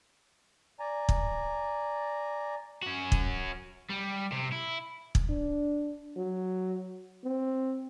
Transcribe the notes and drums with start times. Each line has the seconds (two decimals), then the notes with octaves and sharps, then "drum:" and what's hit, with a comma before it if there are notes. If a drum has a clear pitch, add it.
0.80 D5 G#5 A#5
1.09 drum: kick
2.83 C#4 F#4
3.12 drum: kick
3.90 G3
4.32 C3
4.52 E4
5.15 drum: kick
5.29 D4
6.16 F#3
7.24 C4